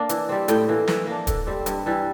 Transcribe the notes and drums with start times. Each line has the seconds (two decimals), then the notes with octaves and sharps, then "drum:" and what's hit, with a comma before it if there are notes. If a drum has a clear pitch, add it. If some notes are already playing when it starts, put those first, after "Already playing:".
Already playing: A#3 D4
0.09 E3, drum: hi-hat
0.29 G3 C4
0.48 A2 G5, drum: hi-hat
0.68 E3 A#3
0.88 E3, drum: snare
1.07 A#3 D4
1.27 D3, drum: kick, hi-hat
1.47 G3 C4
1.66 G2, drum: hi-hat
1.86 E3 G3